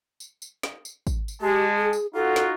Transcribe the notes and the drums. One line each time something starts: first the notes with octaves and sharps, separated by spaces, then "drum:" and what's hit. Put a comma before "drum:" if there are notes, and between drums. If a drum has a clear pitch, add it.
drum: tambourine
drum: tambourine
drum: snare
drum: tambourine
drum: kick, tambourine
drum: tambourine
G#3 G4 A5
G#4
drum: tambourine
D#4 F4 F#4 A4
drum: snare